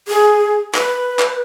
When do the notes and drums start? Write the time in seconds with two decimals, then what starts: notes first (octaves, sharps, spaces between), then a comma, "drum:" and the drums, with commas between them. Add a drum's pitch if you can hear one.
0.08 G#4
0.74 B4, drum: clap
1.19 drum: clap